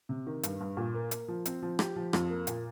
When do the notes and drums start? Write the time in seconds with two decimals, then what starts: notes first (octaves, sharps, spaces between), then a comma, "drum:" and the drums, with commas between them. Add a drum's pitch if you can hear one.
0.09 C3
0.27 D#3
0.43 G2, drum: hi-hat
0.60 G2
0.77 A#2
0.94 A#3
1.11 A#3, drum: hi-hat
1.28 F3
1.46 C4, drum: hi-hat
1.62 F3
1.79 G4, drum: rim click
1.96 F3
2.13 F2, drum: rim click
2.30 A#3
2.47 A#2, drum: hi-hat